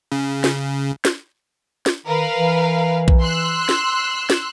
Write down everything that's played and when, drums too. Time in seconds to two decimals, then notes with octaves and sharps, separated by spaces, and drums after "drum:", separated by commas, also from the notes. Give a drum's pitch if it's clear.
0.12 C#3
0.44 drum: snare
1.05 drum: snare
1.86 drum: snare
2.06 D#3 A#4 B4 F5
2.38 E3
3.08 drum: kick B1
3.21 C6 E6 F#6
3.69 drum: snare
4.30 drum: snare